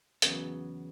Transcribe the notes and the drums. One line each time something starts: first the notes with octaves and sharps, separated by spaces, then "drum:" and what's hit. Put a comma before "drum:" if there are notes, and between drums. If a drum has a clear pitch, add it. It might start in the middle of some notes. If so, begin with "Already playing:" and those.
E2 C#3 F#3 B3, drum: hi-hat